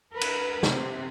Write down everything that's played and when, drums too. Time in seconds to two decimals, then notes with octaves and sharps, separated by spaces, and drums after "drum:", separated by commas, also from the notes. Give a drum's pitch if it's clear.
0.12 A#4 B4
0.21 drum: cymbal
0.63 C3, drum: snare